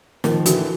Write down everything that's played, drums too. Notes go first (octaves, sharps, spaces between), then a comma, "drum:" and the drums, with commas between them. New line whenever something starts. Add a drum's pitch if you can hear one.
D#3 F3 A#4, drum: snare
D3 E3 F#4, drum: hi-hat